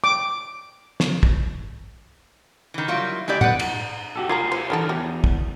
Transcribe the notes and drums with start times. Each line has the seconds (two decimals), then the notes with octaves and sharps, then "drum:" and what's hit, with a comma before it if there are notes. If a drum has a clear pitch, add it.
0.04 D6
1.00 drum: snare
1.23 drum: kick
2.74 D#3 E3
2.88 F#3 G3 A#3 E4 F4
3.28 G#3 E4 G4 D5
3.41 B4 D5 F#5, drum: tom
3.59 drum: cymbal
4.16 F#4 G4 A4
4.29 F#3 G3 F4 G#5 A#5 C6
4.52 C5, drum: cymbal
4.70 D3 E3 G3 A4 A#4
4.89 E2 F#4 G4
5.24 drum: kick